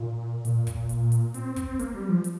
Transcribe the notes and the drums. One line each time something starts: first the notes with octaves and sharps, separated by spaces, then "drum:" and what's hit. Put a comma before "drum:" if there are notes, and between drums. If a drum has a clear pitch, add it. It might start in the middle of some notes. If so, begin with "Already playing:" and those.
Already playing: A#2
A#2, drum: hi-hat
drum: kick, hi-hat
drum: hi-hat
drum: hi-hat
C4, drum: hi-hat
C4, drum: kick, hi-hat
A#3, drum: hi-hat
G3
F3
drum: hi-hat